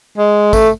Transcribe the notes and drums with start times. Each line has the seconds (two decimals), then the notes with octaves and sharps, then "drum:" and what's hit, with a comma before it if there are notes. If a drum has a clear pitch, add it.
0.18 G#3
0.53 A3, drum: kick, tambourine